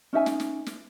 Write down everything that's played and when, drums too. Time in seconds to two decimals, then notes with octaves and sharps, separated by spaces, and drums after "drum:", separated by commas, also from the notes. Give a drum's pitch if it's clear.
0.13 C#4 D#4 E5 G#5
0.26 drum: snare
0.40 drum: snare
0.66 drum: snare